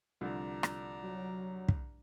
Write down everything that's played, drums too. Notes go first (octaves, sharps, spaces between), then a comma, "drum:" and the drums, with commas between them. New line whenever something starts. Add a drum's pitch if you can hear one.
C2 D3 F3 D4 A#5
drum: rim click
F#3
drum: kick